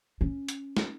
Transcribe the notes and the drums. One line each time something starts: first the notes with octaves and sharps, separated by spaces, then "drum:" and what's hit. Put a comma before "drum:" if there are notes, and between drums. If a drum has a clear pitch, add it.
C#4
drum: hi-hat
drum: snare